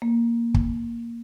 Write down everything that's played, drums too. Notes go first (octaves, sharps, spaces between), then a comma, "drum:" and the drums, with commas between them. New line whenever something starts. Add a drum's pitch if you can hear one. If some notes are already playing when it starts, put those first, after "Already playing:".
A#3
drum: kick